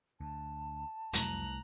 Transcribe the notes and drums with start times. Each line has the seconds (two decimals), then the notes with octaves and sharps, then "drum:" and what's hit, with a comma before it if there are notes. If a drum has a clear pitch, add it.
0.21 D2 A5
1.13 C2 F2 F#3 A3 A#5 F#6, drum: hi-hat